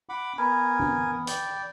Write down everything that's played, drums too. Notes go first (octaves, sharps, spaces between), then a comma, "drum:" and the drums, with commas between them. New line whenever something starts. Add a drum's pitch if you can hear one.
F#5 B5 D6
B3 A#4 G#5 B5
drum: tom
D5 G5, drum: hi-hat